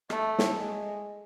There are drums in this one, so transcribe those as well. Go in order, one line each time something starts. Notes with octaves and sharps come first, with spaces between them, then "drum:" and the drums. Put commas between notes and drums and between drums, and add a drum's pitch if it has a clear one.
A3, drum: rim click
drum: snare
G#3